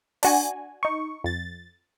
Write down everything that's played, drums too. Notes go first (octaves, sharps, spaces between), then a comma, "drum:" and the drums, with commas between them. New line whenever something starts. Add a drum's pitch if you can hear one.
D4 F#4 G#5, drum: open hi-hat
D#4 C#6
F2 A6